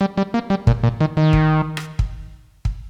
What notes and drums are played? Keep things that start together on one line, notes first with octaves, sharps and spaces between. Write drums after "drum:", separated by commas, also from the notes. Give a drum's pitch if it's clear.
G3
G3
A#3
G3
A#2, drum: kick
A#2
D#3
D#3
drum: kick
drum: rim click
drum: kick
drum: kick